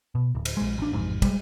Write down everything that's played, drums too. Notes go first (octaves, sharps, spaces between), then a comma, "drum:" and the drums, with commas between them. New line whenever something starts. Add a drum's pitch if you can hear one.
B2
D1
drum: cymbal
A#1 G#3
A1 D4
A1 F2 G#2 C3
G3 G#3, drum: kick, cymbal